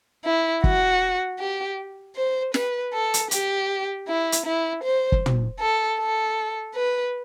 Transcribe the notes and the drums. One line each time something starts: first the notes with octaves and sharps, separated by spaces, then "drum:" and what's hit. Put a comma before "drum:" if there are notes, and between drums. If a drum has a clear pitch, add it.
E4
F#4, drum: kick
G4
C5
B4, drum: snare
A4
drum: hi-hat
G4, drum: hi-hat
E4
drum: hi-hat
E4
C5
drum: kick
drum: tom
A4
A4
B4